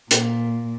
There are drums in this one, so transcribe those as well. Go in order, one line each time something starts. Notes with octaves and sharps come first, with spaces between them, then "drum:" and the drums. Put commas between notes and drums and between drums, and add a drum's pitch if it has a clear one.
A#2, drum: hi-hat